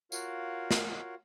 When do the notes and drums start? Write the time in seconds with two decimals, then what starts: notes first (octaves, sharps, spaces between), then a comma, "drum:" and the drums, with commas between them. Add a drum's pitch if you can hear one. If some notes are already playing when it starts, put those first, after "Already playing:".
0.12 F4 F#4 A#4 C#5 F5 F#5, drum: tambourine
0.71 drum: snare